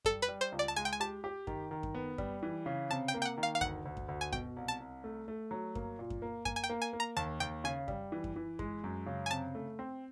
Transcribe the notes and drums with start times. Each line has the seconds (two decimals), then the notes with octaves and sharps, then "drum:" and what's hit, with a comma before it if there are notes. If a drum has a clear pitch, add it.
0.05 G3 A4, drum: kick F#2
0.22 B4
0.28 G3
0.41 C5
0.52 C#2
0.59 D5
0.68 A5
0.76 G#3 G#5
0.85 G5
0.93 G#5
1.00 G4 A5
1.24 G4
1.47 D#3, drum: kick F#2
1.71 D#3
1.83 drum: kick F#2
1.95 B3
2.18 G3, drum: kick F#2
2.43 E3
2.66 C#3
2.90 C3 A5
3.08 G5
3.14 A#3
3.22 G5
3.25 F#5
3.38 D#3
3.43 F5
3.55 F5
3.61 D2 F#5, drum: kick F#2
3.85 D2
3.97 drum: kick F#2
4.08 D2
4.21 G#5
4.32 B2 G5, drum: kick F#2
4.56 C2
4.68 A5
4.80 C2
5.04 A3
5.28 A3
5.51 F#3
5.75 A#3, drum: kick F#2
5.99 A#2
6.10 drum: kick F#2
6.22 A#3
6.45 A#3 G#5, drum: kick F#2
6.56 G#5
6.64 G5
6.69 A#3
6.82 G#5
6.93 A#3
7.00 A#5
7.17 D#2 A5
7.40 D#2 G5
7.64 C#3 G#5
7.88 G3, drum: kick F#2
8.12 E3
8.24 drum: kick F#2
8.36 E3
8.59 G#3, drum: kick F#2
8.84 F#2
9.06 C#3
9.26 G#5
9.31 C3 A5
9.55 A3
9.79 C4